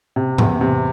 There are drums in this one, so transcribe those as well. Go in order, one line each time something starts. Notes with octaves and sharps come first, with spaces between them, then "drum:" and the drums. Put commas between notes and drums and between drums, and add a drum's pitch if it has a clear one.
C3
E2, drum: tom G#2
C3